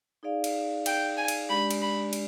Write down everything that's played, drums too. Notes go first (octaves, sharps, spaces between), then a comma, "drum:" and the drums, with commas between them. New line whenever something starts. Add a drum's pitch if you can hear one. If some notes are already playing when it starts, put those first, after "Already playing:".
D#4 G#4 D5 F5
drum: cymbal
G5, drum: cymbal
G#5
drum: cymbal
G#3 D4 G4 D5 B5
drum: cymbal
B5
drum: cymbal